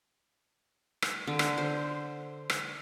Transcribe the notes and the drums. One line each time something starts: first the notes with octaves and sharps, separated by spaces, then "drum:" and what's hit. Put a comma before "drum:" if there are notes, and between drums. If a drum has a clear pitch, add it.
drum: rim click
D3
drum: rim click
C5
drum: rim click